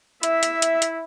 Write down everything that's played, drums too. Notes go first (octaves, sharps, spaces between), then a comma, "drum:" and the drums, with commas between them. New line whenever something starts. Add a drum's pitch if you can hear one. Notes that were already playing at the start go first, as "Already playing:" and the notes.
E4 E5, drum: hi-hat
drum: hi-hat
drum: hi-hat
drum: hi-hat